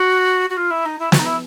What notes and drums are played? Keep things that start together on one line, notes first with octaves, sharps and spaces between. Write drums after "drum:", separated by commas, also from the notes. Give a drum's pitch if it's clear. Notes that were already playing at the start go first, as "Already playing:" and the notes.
Already playing: F#4
F#4
F4
E4
D#4
E4
F#4, drum: snare
D#4
E4